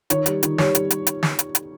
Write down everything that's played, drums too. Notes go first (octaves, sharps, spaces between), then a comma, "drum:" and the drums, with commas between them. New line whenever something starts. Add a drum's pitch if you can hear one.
D#3 C#5, drum: hi-hat
G3, drum: hi-hat
D#3, drum: hi-hat
G3 C#5, drum: snare
G3, drum: hi-hat
drum: hi-hat
drum: hi-hat
drum: snare
drum: hi-hat
drum: hi-hat